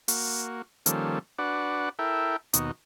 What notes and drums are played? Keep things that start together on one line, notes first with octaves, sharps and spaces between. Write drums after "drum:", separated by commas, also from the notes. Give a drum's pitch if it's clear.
A#3 F#4, drum: open hi-hat
D#3 F3 G3 A#3 C#4 A4, drum: hi-hat
D4 F#4 B4 D5 F#5
E4 A4 A#4 E5 G5
D#2 B2 D#4 F#4, drum: hi-hat